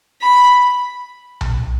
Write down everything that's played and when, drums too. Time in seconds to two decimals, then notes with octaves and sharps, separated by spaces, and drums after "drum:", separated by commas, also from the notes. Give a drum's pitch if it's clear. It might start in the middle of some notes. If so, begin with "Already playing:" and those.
0.22 B5
1.41 drum: tom B1